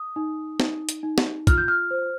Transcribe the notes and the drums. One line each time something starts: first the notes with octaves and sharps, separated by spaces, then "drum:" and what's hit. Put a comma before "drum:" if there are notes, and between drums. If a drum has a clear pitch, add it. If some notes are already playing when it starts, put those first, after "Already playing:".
Already playing: D#6
D#4
D#4, drum: snare
drum: hi-hat
D#4
drum: snare
F4 F6, drum: kick, hi-hat
G6
F6
C5